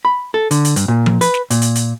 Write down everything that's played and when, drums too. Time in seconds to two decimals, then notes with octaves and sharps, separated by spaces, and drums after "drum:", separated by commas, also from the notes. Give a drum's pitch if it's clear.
0.05 B5
0.34 A4
0.51 D3, drum: hi-hat
0.65 drum: hi-hat
0.76 G2, drum: hi-hat
0.88 A#2
1.06 drum: tom F3
1.21 B4, drum: hi-hat
1.34 drum: snare
1.50 A#2, drum: hi-hat
1.62 drum: hi-hat
1.75 drum: hi-hat